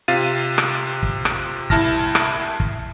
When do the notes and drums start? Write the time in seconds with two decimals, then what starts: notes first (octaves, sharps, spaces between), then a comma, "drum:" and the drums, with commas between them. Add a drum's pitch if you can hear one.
0.08 C3 F4 F5 A6 D#7
0.58 drum: rim click
1.03 drum: kick
1.25 drum: rim click
1.70 C2 E4 A5 F6 A#6, drum: kick
2.15 drum: rim click
2.60 drum: kick